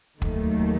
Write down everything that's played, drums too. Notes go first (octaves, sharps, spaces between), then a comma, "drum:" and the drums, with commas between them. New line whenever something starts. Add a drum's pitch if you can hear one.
D#2 D#3 F#3 A3, drum: kick